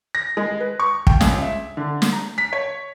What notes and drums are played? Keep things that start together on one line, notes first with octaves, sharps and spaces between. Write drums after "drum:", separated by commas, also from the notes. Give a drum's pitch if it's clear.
A#6
G#3
B4
C#6
G5, drum: kick
C#2, drum: snare
E5
D3
drum: snare
A#5
B6
C#5